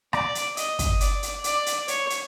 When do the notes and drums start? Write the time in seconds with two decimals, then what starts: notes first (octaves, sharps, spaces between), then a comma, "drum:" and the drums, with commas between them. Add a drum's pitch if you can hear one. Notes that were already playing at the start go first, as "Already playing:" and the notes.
0.13 D5, drum: rim click
0.35 drum: hi-hat
0.57 D#5, drum: hi-hat
0.79 drum: kick, hi-hat
1.00 D5, drum: hi-hat
1.23 drum: hi-hat
1.44 D5, drum: hi-hat
1.66 drum: hi-hat
1.88 C#5, drum: hi-hat
2.10 drum: hi-hat